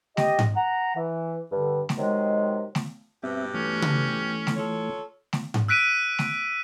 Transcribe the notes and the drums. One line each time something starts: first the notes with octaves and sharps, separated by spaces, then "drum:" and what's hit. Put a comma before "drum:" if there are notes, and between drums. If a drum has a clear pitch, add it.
G4 D#5, drum: snare A3
drum: tom G#2
F#5 A#5
E3
G2 D3
drum: snare A3
C3 D#3 F#3 G#3
drum: snare A3
G2 B2 C4 G4 E5
E3 A3 C#4
drum: tom C#3
drum: snare A3
F4 A4 C#5
drum: snare A3
drum: tom G#2
E6 F#6 B6 D7 D#7
drum: snare A3